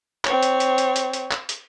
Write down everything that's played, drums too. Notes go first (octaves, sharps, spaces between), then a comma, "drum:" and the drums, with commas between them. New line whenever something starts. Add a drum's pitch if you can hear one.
C4 C#5, drum: clap
drum: hi-hat
drum: hi-hat
drum: hi-hat
drum: hi-hat
drum: hi-hat
drum: clap
drum: hi-hat